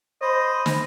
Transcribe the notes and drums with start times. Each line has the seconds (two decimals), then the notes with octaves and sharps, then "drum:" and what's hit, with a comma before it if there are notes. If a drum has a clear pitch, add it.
0.22 C5 D#5 B5
0.66 drum: snare